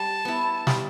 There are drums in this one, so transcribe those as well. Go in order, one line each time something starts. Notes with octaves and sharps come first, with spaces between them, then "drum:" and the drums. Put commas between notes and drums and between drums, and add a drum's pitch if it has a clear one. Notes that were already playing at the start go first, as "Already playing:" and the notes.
Already playing: G3 A5
B3 E4
G3, drum: snare